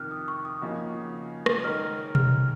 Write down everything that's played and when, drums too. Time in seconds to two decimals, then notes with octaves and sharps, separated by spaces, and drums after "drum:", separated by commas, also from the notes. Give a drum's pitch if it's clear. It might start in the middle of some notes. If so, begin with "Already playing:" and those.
Already playing: F2 C3 D#3 F6 F#6
0.11 D#6
0.28 C#6
0.45 D#6
0.61 C#3 F3 A#3 D#4 F#4
1.46 drum: rim click
1.64 D#3 G#3 D#4 A#4 C#5 F6
2.15 F6, drum: tom B2